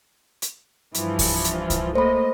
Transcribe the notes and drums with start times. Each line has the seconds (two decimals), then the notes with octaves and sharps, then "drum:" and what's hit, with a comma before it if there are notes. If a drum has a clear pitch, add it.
0.42 drum: hi-hat
0.94 G2 E3 F3, drum: hi-hat
1.19 drum: kick C2, open hi-hat
1.44 drum: hi-hat
1.70 drum: kick C2, hi-hat
1.95 A3 A#3 C5 D#5 B5